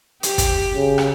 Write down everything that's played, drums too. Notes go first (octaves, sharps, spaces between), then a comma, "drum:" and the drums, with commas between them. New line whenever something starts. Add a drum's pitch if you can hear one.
G4, drum: hi-hat
drum: kick, hi-hat
C#3
drum: rim click